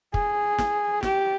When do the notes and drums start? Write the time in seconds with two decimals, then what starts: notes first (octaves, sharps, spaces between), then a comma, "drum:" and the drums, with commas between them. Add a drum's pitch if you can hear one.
0.14 G#4, drum: kick
0.58 drum: snare
1.03 G4, drum: snare